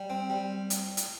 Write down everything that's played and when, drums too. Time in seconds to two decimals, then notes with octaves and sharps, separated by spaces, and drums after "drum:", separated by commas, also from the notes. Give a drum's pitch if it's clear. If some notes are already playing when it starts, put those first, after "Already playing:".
Already playing: G3
0.10 C4
0.30 G3
0.70 drum: hi-hat
0.97 drum: hi-hat